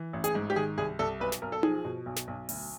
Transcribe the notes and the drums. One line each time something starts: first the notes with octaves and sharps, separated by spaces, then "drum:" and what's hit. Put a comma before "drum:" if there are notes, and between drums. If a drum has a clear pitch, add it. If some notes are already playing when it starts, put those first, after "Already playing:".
Already playing: E3
A1
G#4, drum: hi-hat
G#2
G4
D#3 G#4
C2 G#4
C2 A4
B1 B4
drum: snare
B1 A#4
A4
F3 G#4, drum: tom D#4
B2
B1
drum: snare
B1
D2, drum: open hi-hat